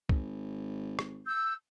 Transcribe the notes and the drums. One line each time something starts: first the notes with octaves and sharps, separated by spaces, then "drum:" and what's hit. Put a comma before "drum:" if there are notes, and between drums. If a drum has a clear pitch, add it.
G#1, drum: kick
drum: rim click
E6 G6